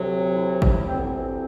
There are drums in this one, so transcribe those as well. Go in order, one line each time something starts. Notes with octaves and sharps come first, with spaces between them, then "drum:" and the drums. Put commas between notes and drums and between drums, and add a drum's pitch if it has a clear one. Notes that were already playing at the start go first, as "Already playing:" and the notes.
Already playing: D2 C3 F#3
E4
drum: kick G#1
D2 C3 E3 C4
B3
C4